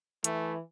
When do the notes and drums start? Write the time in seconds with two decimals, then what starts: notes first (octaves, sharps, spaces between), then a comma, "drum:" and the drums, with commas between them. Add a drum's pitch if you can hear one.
0.24 E3 A3, drum: hi-hat